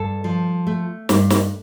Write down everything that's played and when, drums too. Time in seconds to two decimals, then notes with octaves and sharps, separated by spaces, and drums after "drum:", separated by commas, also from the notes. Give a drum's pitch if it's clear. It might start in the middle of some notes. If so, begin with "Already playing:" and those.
Already playing: G2 A4
0.24 F3
0.67 A3
1.09 G2, drum: snare
1.30 drum: snare